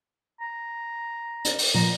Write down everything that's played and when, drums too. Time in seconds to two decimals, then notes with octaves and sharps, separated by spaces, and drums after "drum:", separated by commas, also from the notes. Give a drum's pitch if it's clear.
0.41 A#5
1.45 drum: hi-hat
1.58 drum: open hi-hat
1.75 A#2 F3 A#5